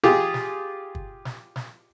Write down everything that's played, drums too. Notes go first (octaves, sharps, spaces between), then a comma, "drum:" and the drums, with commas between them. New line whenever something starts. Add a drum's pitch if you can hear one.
F4 G4 G#4, drum: snare
drum: snare
drum: kick
drum: snare
drum: snare